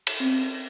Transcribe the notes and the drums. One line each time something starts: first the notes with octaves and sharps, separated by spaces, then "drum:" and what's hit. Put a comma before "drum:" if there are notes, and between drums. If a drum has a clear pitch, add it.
drum: cymbal
C4